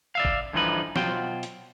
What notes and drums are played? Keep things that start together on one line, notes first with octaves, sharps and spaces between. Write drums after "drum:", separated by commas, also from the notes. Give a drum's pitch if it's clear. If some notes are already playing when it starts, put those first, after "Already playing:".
D5 E5 F5
drum: kick G#1
G2 D3 E3 F3 D#4 B4
B2 F#3 F4 C5 G5, drum: snare
drum: hi-hat